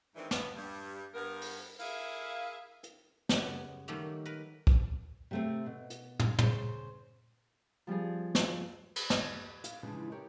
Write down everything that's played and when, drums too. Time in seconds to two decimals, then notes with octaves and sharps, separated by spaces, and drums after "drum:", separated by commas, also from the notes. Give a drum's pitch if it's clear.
0.16 G#2 D#3 E3 C4 D4 D#4
0.31 B3, drum: snare
0.55 G2 G3
1.14 G2 B3 A#4
1.41 drum: open hi-hat
1.79 E4 G#4 A#4 E5 F5, drum: open hi-hat
2.84 drum: hi-hat
3.29 F#2 C#3 G3 B3, drum: snare
3.88 D#3 F#3 G3 A3 A#3
4.26 A#4 B4
4.67 drum: kick
5.31 C3 A3 C4
5.66 B2
5.90 drum: hi-hat
6.20 drum: tom
6.39 C#3 C5, drum: tom
7.87 F3 G3 C4 G#4
8.35 drum: snare
8.96 drum: cymbal
9.10 drum: snare
9.64 F5, drum: hi-hat
9.83 C#3 E3 F3 G#3 D4
10.12 G4 A#4 C#5 D5